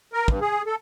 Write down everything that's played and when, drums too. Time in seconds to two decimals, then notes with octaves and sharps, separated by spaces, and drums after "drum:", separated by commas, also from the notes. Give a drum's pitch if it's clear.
0.13 A#4
0.28 G2, drum: kick
0.41 G#4
0.66 A4